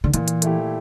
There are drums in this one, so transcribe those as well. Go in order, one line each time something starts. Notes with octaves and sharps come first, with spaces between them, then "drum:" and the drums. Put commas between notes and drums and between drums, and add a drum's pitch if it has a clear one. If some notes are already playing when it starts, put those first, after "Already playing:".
D3
A#2 E3, drum: hi-hat
drum: hi-hat
A3 E4 G4, drum: hi-hat